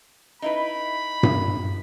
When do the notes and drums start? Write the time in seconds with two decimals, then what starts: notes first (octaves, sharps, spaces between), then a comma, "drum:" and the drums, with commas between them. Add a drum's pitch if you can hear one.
0.42 D#4 E4 B4 B5
1.23 drum: tom G2